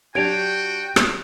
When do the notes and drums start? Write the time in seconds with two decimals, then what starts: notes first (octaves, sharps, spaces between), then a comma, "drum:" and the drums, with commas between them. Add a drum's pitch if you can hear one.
0.15 F#3 D4 F#4 G4 G5 G#6 D7 F7
0.96 drum: rim click